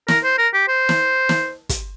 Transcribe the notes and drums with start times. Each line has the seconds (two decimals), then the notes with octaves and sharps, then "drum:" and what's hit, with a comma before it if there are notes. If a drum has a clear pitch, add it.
0.08 A#4, drum: snare
0.24 C5
0.38 A#4
0.53 G4
0.68 C5
0.89 drum: snare
1.29 drum: snare
1.69 drum: kick, hi-hat